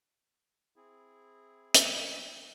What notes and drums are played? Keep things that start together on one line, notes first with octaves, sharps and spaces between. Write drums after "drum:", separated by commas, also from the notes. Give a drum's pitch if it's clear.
C4 E4 G#4
drum: hi-hat